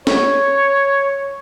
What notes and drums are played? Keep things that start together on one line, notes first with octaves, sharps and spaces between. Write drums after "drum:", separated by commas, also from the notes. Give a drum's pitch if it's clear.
C#5, drum: snare C#4